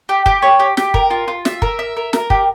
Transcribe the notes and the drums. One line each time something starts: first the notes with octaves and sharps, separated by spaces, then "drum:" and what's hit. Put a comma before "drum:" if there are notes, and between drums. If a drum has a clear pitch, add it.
G4
G4, drum: kick
C#5
G4
G4, drum: snare
A#4, drum: kick
F4
F4
E5, drum: snare
A#4, drum: kick
E5
A#4
A#4, drum: snare
G4, drum: kick